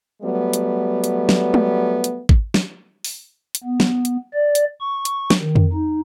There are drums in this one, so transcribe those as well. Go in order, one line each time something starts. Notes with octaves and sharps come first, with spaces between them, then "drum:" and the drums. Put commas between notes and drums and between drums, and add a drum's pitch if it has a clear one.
F#3 G3 A3 B3
drum: hi-hat
drum: hi-hat
drum: snare
drum: tom G#3
drum: hi-hat
drum: kick G#1
drum: snare
drum: open hi-hat
drum: hi-hat
B3
drum: snare
drum: hi-hat
D5
drum: hi-hat
C#6
drum: hi-hat
drum: snare
D#3
drum: tom F2
D#4